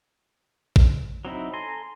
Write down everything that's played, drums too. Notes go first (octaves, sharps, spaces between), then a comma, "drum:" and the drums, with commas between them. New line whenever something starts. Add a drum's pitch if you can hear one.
drum: kick A1
F#3 C4 D#4 E4
A4 G#5 A#5 C6